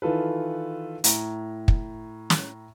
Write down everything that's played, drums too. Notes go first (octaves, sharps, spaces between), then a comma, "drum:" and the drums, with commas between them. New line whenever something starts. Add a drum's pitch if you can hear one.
D#3 E3 F4 A4 B4
A2 A#5, drum: hi-hat
drum: kick
drum: snare